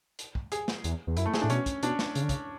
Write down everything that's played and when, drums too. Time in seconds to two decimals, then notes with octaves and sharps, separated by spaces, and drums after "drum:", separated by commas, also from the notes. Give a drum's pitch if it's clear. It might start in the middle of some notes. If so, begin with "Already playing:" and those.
0.19 drum: hi-hat
0.35 drum: kick
0.52 G#4, drum: hi-hat
0.68 drum: snare
0.84 E2, drum: hi-hat
1.07 E2
1.17 F#2 E4, drum: hi-hat
1.26 A3
1.34 G#4, drum: snare
1.42 A2 D4
1.50 B2 C#4, drum: hi-hat
1.66 drum: kick, hi-hat
1.83 B2 D4, drum: hi-hat
1.99 drum: snare
2.15 C#3, drum: hi-hat
2.22 D3
2.29 C#3, drum: kick, hi-hat